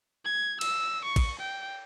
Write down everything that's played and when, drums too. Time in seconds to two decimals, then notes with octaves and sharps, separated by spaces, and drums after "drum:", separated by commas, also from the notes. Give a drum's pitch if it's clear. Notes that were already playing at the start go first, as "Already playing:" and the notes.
0.25 G#6
0.61 E6, drum: cymbal
1.05 C#6
1.16 drum: kick, cymbal
1.40 G5